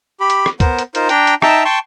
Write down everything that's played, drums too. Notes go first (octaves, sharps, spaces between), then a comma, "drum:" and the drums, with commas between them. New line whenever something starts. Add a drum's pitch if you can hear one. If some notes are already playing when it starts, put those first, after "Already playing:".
G4 B5
drum: hi-hat
drum: rim click
B3 A#4 C5, drum: kick C#2, hi-hat
drum: hi-hat
D#4 F4 A#4 C5, drum: hi-hat
D4 G5 A#5, drum: hi-hat
drum: hi-hat
D#4 E5 G5 A5 A#5, drum: rim click
G5 A5 C6 C#6